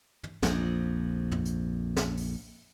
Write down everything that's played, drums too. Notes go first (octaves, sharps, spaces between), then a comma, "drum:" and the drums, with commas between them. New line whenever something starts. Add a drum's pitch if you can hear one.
drum: tom
A#1 F2, drum: snare
drum: tom
drum: hi-hat
drum: snare
drum: open hi-hat